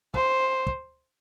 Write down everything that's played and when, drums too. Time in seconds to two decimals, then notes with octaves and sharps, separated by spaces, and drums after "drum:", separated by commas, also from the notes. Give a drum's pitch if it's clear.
0.14 C5, drum: kick
0.67 drum: kick